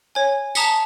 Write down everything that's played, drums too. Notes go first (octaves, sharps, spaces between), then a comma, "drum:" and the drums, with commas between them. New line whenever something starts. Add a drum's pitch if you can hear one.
C#5 G#5
A5 A#5 D#6 B6 C#7, drum: tambourine